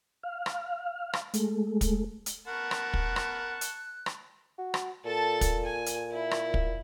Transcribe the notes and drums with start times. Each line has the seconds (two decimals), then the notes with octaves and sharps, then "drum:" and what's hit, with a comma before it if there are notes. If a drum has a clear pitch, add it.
0.23 F5
0.46 drum: rim click
1.13 drum: rim click
1.34 G#3 A3, drum: hi-hat
1.81 drum: kick, hi-hat
2.26 drum: hi-hat
2.47 A#4 F#5 A5 B5 C#6 F#6
2.71 drum: rim click
2.94 drum: kick
3.16 drum: rim click
3.61 drum: hi-hat
4.06 drum: rim click
4.58 F#4
4.74 drum: rim click
5.05 A#2 A4 A5
5.41 drum: kick, hi-hat
5.65 G#5
5.86 drum: hi-hat
6.12 E4
6.31 drum: rim click
6.54 drum: kick